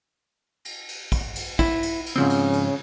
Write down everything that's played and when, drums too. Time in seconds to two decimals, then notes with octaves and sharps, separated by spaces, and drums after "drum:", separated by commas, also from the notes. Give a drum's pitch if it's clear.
0.65 drum: cymbal
0.88 drum: cymbal
1.12 drum: kick, cymbal
1.35 drum: cymbal
1.59 E4, drum: kick, cymbal
1.83 drum: cymbal
2.06 drum: cymbal
2.16 G#2 C#3 F3 C4
2.30 drum: cymbal
2.53 drum: cymbal